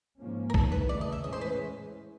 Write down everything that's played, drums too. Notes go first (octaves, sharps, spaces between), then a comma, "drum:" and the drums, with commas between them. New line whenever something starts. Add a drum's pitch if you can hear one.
G#2 F3 A#3 C#4
A#4
E2 C3 D#3 A4, drum: kick B1
B4
C#3 E3 A3 D5
D#5
E5
A2 E3 G#3 C#4 D#5
C5
B4